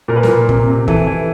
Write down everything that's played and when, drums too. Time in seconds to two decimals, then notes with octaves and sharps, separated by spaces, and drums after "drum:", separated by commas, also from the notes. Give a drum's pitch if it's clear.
0.08 A#2 A#4
0.16 B4
0.23 A#4, drum: snare
0.28 A#2
0.49 C3, drum: kick
0.68 C3
0.88 E3 A4, drum: kick
1.07 E3